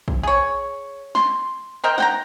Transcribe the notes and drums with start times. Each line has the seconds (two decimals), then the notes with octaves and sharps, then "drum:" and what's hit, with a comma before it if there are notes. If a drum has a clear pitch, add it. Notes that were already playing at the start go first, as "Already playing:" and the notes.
0.08 drum: kick
0.23 G#4 C#5
1.15 C6, drum: snare
1.84 C4 A#4 D#5 G5
1.98 F#5 G5 A#5, drum: snare